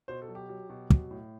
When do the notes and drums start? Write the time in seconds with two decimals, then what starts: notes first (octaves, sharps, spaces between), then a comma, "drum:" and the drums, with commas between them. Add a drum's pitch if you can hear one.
0.08 B2 C5
0.22 A4
0.28 F#3
0.35 G4
0.49 F#3
0.70 B2
0.90 F#3, drum: kick
1.11 A2